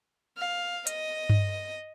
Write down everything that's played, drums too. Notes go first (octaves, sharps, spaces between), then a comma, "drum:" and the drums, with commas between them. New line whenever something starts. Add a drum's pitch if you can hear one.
F5
D#5, drum: hi-hat
drum: tom G2